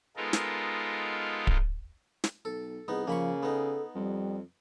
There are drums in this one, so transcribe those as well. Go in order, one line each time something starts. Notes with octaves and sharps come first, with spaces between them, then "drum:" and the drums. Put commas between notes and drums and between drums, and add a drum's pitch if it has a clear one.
G#3 B3 D#4 F4 A4 A#4
drum: snare
drum: kick D1
drum: snare
B1 A4
C2 B3 D#4 G#4
C#3 F3 A#3 B5 C#6
B3 D#4 A4
F2 G3